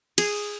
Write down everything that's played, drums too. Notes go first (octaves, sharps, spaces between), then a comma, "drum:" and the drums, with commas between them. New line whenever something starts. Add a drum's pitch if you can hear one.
G#4, drum: cymbal